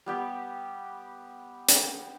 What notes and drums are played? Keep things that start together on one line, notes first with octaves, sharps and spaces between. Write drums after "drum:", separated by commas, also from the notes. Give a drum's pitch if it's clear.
G3 B3 G4
drum: hi-hat